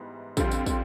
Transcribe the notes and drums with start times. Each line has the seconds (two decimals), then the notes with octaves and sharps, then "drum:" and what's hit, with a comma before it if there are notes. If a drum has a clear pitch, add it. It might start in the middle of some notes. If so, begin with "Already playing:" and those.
Already playing: G#2 E3 G3 B3
0.37 F2 D3 G3 C4 F4, drum: kick, tambourine
0.51 drum: tambourine
0.66 drum: kick, tambourine